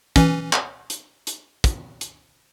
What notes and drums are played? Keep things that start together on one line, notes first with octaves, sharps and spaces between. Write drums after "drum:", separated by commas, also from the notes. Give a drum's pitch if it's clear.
E3 C#4, drum: kick, hi-hat
drum: clap
drum: hi-hat
drum: hi-hat
drum: kick, hi-hat
drum: hi-hat